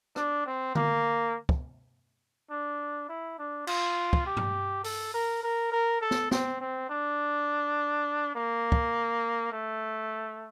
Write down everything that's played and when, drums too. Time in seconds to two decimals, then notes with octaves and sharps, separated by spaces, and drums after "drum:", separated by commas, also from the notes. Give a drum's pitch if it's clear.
0.16 D4, drum: rim click
0.46 C4
0.75 A#3, drum: tom D3
1.49 drum: kick
2.51 D4
3.09 E4
3.39 D4
3.67 F4, drum: cymbal
4.13 drum: kick
4.26 G4
4.37 drum: tom G2
4.84 A4, drum: open hi-hat
5.14 A#4
5.43 A#4
5.72 A#4
6.01 A4
6.11 drum: snare
6.31 C4, drum: snare
6.61 C4
6.89 D4
8.35 A#3
8.72 drum: kick
9.52 A3